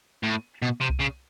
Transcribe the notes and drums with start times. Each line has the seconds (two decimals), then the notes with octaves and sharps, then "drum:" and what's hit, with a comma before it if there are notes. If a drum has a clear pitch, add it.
0.23 A2
0.62 B2
0.80 C3
0.90 drum: kick C2
1.00 C#3